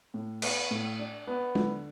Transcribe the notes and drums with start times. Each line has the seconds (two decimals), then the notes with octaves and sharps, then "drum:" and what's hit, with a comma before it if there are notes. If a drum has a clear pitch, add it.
0.14 A2
0.42 B3, drum: cymbal
0.71 A2
0.99 D4
1.27 B3
1.55 D3, drum: tom G#3